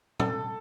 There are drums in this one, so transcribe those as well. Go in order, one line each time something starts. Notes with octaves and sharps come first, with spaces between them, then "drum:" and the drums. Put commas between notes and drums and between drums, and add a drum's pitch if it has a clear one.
A4, drum: tom A#2